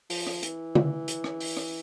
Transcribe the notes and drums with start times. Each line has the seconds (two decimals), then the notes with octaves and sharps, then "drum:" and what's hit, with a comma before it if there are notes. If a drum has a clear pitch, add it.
0.10 F3, drum: open hi-hat
0.27 drum: rim click
0.43 E3, drum: hi-hat
0.75 drum: tom
1.08 drum: hi-hat
1.24 drum: rim click
1.40 drum: open hi-hat
1.57 drum: rim click